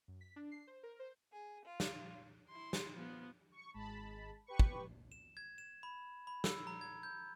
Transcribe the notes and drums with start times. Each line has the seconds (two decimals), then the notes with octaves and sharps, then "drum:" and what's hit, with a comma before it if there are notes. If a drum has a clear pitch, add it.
0.08 F#2
0.21 B6
0.36 D4
0.51 C7
0.67 C5
0.83 A#4
0.99 C5
1.32 G#4
1.65 F4
1.80 drum: snare
2.49 E4 C6
2.73 drum: snare
2.96 F3 B3
3.52 C#6
3.74 G#1 G#3 A5 B5
4.47 G4 B4 C#6
4.59 drum: kick
5.12 E7
5.37 G#6
5.58 E7
5.83 B5
6.27 B5
6.44 E6, drum: snare
6.67 A#5
6.81 G#6
7.03 G6